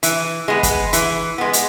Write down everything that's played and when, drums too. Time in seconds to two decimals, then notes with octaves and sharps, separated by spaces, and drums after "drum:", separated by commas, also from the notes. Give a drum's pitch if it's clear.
0.03 E3, drum: hi-hat
0.48 G#3 B3
0.63 drum: kick, hi-hat
0.93 E3, drum: hi-hat
1.38 G#3 B3
1.53 drum: hi-hat